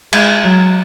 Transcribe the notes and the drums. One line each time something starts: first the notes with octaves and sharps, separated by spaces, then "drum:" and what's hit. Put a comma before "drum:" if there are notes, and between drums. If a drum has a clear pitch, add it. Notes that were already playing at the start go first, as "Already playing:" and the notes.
G#3, drum: cymbal
F#3